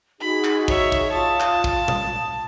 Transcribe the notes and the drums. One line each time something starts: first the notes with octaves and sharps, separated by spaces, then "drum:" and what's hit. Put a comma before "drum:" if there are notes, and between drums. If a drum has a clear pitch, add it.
D#4 F#4 G#4 B5
drum: clap
C#5 E5, drum: kick
drum: kick
F4 A5 D#6
drum: clap
drum: kick
drum: tom A#2